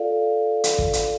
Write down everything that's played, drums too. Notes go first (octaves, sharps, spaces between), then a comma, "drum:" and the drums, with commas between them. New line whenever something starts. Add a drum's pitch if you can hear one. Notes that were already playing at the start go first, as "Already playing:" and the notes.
Already playing: F4 A4 D5 F5
drum: hi-hat
drum: kick
drum: hi-hat